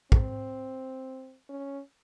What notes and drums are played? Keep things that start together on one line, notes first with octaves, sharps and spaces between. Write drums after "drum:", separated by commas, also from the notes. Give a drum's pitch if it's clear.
C4, drum: kick
C#4